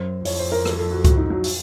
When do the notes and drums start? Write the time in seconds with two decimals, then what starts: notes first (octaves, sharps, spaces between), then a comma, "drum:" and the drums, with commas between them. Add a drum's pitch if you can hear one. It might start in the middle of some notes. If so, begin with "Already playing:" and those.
Already playing: F#2 C5
0.25 F2 C#5, drum: open hi-hat
0.39 C5
0.52 A#4
0.65 A4, drum: rim click
0.78 A4
0.91 F#4
1.04 F#4, drum: kick C#2, hi-hat
1.17 D#4
1.30 F#3
1.44 drum: open hi-hat